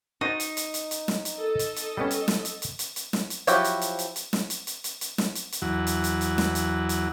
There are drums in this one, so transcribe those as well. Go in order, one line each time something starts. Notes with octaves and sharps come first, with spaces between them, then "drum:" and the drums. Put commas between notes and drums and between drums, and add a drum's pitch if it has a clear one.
D#4 F#4 C5 A5
drum: hi-hat
drum: hi-hat
drum: hi-hat
drum: hi-hat
drum: snare
drum: hi-hat
A4 D#5
drum: hi-hat
drum: hi-hat
G3 B3 C#4
drum: hi-hat
drum: snare
drum: hi-hat
drum: hi-hat
drum: hi-hat
drum: hi-hat
drum: snare
drum: hi-hat
F3 F#3 E4 F#4 G4, drum: hi-hat
drum: hi-hat
drum: hi-hat
drum: hi-hat
drum: hi-hat
drum: snare
drum: hi-hat
drum: hi-hat
drum: hi-hat
drum: hi-hat
drum: snare
drum: hi-hat
drum: hi-hat
E2 F#3
drum: hi-hat
drum: hi-hat
drum: hi-hat
drum: snare
drum: hi-hat
drum: hi-hat